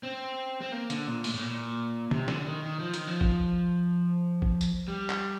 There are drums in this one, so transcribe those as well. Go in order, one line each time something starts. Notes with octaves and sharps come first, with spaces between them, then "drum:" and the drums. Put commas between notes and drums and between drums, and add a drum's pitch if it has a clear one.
C4
C4
A#3
D3, drum: hi-hat
A#2
A2, drum: open hi-hat
A2
A#2
C3, drum: tom
D3, drum: snare
D#3
D#3
F3
D#3, drum: hi-hat
F3
drum: kick
drum: kick
drum: tambourine
G3
drum: clap